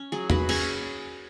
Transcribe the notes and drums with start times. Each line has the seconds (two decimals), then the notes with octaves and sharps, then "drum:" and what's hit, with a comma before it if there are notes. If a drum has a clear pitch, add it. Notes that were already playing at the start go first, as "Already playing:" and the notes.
Already playing: C#4
0.12 F#3 G#4
0.30 F#3 F#4 B4, drum: tom E2
0.49 C#4 G#4 C#5, drum: cymbal